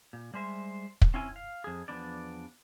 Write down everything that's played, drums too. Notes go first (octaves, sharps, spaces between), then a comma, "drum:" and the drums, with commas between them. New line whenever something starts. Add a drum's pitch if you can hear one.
A#2
G3 G#3 C5 E5
drum: kick
C4 C#4 E4 G#5
F5
F2 G#4
E2 F3 B3 D4 D5